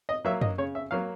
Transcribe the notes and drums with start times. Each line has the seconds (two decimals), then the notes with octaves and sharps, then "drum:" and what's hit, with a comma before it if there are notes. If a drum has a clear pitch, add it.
0.09 D#5
0.25 F#3 A#3 E5
0.42 D#5, drum: tom F#2
0.58 C#3 C#5
0.75 E5
0.91 F#3 A#3 F5